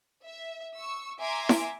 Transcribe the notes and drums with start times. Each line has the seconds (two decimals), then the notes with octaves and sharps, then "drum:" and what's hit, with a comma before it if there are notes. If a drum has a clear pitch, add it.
0.23 E5
0.77 C#6 E6
1.20 E5 G#5 A#5 C6 D6
1.49 drum: snare E4